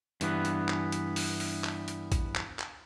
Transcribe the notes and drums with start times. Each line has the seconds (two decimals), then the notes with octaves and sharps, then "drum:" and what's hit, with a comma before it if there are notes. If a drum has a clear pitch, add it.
0.21 G2 E3 B3, drum: hi-hat
0.45 drum: hi-hat
0.69 drum: clap
0.92 drum: hi-hat
1.16 drum: open hi-hat
1.40 drum: open hi-hat
1.64 drum: clap
1.88 drum: hi-hat
2.12 drum: kick A1, hi-hat
2.35 drum: clap
2.59 drum: clap